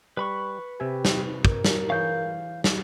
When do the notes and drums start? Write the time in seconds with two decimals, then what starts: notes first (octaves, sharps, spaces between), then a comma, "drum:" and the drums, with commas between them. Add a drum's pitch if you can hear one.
0.17 G3 B4 B5 C#6
0.80 C3 G4 E5 G#5
1.05 drum: snare
1.45 A#4, drum: kick
1.65 drum: snare
1.90 E3 G#4 C#5 F5 G6
2.64 drum: snare